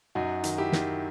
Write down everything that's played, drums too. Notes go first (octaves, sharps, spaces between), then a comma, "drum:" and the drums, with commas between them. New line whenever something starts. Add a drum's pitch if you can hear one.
F#2 D#4 F#4
D#3, drum: hi-hat
E4 G4
D#3, drum: snare